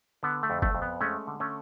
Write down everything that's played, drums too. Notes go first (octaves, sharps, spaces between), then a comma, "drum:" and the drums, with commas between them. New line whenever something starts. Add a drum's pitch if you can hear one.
D3 B3
A3
F2
A3, drum: kick
F2
B3
G#3 A3 C#4
D3
A3 C#4